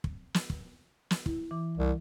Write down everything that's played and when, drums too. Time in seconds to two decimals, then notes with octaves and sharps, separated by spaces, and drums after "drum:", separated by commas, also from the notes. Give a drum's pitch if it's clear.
0.04 drum: kick
0.34 drum: snare
0.50 drum: kick
1.11 drum: snare
1.26 E4, drum: kick
1.51 E3 D6
1.77 C2